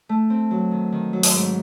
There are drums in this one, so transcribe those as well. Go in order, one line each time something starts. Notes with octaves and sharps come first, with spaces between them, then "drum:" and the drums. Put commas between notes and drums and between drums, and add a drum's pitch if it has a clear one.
A3
C4
F#3
D#3
D#3
F#3
drum: open hi-hat
G#2